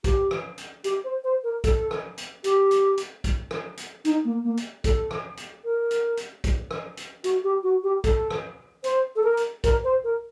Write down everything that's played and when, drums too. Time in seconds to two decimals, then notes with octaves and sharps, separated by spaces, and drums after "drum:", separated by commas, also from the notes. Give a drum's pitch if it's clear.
0.04 G4, drum: kick, hi-hat
0.31 drum: rim click
0.58 drum: hi-hat
0.84 G4, drum: hi-hat
1.04 C5
1.24 C5
1.44 A#4
1.64 A4, drum: kick, hi-hat
1.91 drum: rim click
2.18 drum: hi-hat
2.44 G4, drum: hi-hat
2.71 drum: hi-hat
2.97 drum: hi-hat
3.24 drum: kick, hi-hat
3.51 drum: rim click
3.77 drum: hi-hat
4.05 D#4, drum: hi-hat
4.25 A#3
4.44 A#3
4.57 drum: hi-hat
4.84 A4, drum: kick, hi-hat
5.11 drum: rim click
5.37 drum: hi-hat
5.64 A#4
5.91 drum: hi-hat
6.17 drum: hi-hat
6.44 drum: kick, hi-hat
6.71 drum: rim click
6.97 drum: hi-hat
7.24 F#4, drum: hi-hat
7.44 G4
7.63 F#4
7.83 G4
8.04 A4, drum: kick, hi-hat
8.31 drum: rim click
8.84 C5, drum: hi-hat
9.16 A4
9.23 A#4
9.37 drum: hi-hat
9.64 A#4, drum: kick, hi-hat
9.84 C5
10.04 A#4